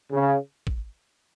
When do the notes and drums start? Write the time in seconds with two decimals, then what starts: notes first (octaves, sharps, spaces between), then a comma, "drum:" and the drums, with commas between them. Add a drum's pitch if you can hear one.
0.11 C#3
0.67 drum: kick